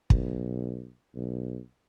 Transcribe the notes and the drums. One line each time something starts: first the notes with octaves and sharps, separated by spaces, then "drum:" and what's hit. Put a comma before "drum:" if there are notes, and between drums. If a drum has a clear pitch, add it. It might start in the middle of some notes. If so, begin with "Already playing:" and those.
B1, drum: kick
B1